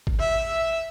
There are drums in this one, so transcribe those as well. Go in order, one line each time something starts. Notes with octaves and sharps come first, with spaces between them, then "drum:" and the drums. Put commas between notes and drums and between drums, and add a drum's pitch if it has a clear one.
drum: kick G#1
E5